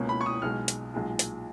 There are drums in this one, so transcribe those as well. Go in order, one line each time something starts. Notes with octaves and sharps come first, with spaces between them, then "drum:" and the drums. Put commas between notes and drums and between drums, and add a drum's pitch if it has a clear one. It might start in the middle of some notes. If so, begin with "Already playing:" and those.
Already playing: C#2 B2 A#3 C#4
B5
C#6
D#6
B1 B2 G#3 F6
drum: hi-hat
B1 A#2 G#3
drum: hi-hat